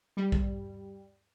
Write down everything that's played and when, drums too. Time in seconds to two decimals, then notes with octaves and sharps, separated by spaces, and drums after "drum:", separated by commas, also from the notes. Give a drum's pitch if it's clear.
0.17 G3
0.32 drum: kick